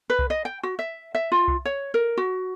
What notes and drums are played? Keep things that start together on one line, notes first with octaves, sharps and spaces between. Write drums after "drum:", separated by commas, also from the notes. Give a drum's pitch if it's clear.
B4
drum: kick C2
D#5
G5
F#4
E5
E5
F4
drum: kick C2
C#5
A#4
F#4